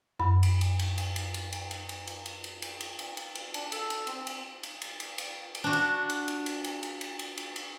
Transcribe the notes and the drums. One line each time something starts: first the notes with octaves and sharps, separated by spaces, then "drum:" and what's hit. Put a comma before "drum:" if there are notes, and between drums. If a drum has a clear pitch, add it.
F#2 B5
drum: cymbal
drum: cymbal
drum: cymbal
drum: cymbal
drum: cymbal
drum: cymbal
drum: cymbal
drum: cymbal
drum: cymbal
drum: cymbal
drum: cymbal
drum: cymbal
drum: cymbal
drum: cymbal
drum: cymbal
drum: cymbal
drum: cymbal
D4, drum: cymbal
A4, drum: cymbal
drum: cymbal
C4, drum: cymbal
drum: cymbal
drum: cymbal
drum: cymbal
drum: cymbal
drum: cymbal
drum: cymbal
D4 F#4
drum: cymbal
drum: cymbal
drum: cymbal
drum: cymbal
drum: cymbal
drum: cymbal
drum: cymbal
drum: cymbal
drum: cymbal
drum: cymbal